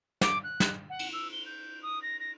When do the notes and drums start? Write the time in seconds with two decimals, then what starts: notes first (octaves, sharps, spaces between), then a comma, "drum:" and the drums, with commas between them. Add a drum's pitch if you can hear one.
0.21 D6, drum: snare
0.43 F#6
0.60 drum: snare
0.89 F#5
0.99 drum: cymbal
1.13 E6
1.32 G7
1.46 G6
1.83 D#6
2.02 A#6
2.20 A#6